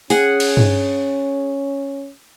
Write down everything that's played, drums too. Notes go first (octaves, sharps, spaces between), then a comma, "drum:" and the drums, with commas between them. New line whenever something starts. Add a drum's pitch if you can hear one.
C#4 G#4 F#5, drum: open hi-hat
drum: cymbal
drum: tom G2